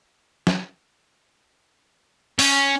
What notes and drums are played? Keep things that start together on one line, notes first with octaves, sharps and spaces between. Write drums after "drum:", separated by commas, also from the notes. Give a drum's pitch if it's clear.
drum: snare
C#4, drum: open hi-hat